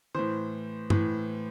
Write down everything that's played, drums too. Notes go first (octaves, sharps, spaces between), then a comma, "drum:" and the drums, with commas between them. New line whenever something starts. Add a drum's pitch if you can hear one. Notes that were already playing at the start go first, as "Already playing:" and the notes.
A2 E3 C5
A2 E3, drum: tom G2